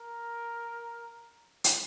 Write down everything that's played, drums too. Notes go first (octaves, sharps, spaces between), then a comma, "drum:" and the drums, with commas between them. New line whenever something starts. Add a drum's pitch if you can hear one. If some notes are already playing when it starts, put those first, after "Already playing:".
Already playing: A#4
drum: hi-hat